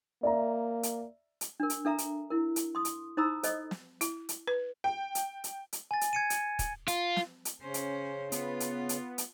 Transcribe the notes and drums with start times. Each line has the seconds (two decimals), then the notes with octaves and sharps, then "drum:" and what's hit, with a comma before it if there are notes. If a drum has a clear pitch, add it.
0.23 A#3 D5 E5 A#5
0.83 drum: hi-hat
1.41 drum: hi-hat
1.60 D4 A#4
1.70 drum: hi-hat
1.85 D4 A4 E5 A#5
1.98 drum: hi-hat
2.30 E4 A#4
2.56 drum: hi-hat
2.75 C6 D#6
2.85 drum: hi-hat
3.17 D#4 C5 A#5 B5 D#6 E6
3.43 A4 C5 D#5, drum: hi-hat
3.71 drum: snare
4.01 E4, drum: hi-hat
4.29 drum: hi-hat
4.48 B4
4.84 G5
5.15 drum: hi-hat
5.44 drum: hi-hat
5.73 drum: hi-hat
5.91 G#5 A6
6.01 drum: hi-hat
6.13 G#6 C#7 D#7
6.30 drum: hi-hat
6.59 drum: kick, hi-hat
6.88 F4, drum: hi-hat
7.16 drum: snare
7.45 drum: hi-hat
7.62 C#3 C#4 C5
7.74 drum: hi-hat
8.32 B3 F4, drum: hi-hat
8.60 drum: hi-hat
8.89 drum: hi-hat
9.18 drum: hi-hat